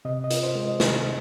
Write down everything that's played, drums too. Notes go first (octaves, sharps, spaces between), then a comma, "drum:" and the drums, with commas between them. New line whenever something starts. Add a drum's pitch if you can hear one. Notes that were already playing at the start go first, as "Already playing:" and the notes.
C3 D#5
D#5
F4, drum: hi-hat
C5
G#3
D#5
C3, drum: snare